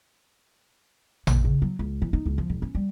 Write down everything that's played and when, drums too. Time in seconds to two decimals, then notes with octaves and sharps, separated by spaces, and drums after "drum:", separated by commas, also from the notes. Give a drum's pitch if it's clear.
1.27 A#3, drum: tom A1
1.45 C#3
1.62 F#3
1.79 C#2
2.02 E3
2.13 D#4
2.26 C#2
2.38 F3
2.50 E1
2.62 C#4
2.75 G3